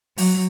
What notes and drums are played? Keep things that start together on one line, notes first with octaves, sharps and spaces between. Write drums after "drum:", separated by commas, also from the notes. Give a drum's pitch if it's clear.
F#3, drum: open hi-hat